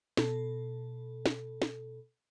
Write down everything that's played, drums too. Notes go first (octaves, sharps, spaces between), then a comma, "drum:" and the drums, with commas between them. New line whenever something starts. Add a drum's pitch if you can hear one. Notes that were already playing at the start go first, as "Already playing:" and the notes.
B2 A4, drum: snare
drum: snare
drum: snare